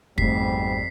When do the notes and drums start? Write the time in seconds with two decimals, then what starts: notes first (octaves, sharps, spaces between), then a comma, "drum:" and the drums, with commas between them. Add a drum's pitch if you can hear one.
0.18 G#1 F2 G#2 B2 G3 A3 B6 C7, drum: kick